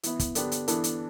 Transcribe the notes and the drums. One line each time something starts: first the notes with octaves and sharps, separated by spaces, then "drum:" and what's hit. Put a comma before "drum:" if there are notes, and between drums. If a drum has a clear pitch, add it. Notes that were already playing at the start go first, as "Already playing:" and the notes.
E3 B3 E4, drum: hi-hat
drum: kick, hi-hat
D3 B3 D4 G4, drum: hi-hat
drum: hi-hat
E3 B3 D4 A4, drum: hi-hat
drum: hi-hat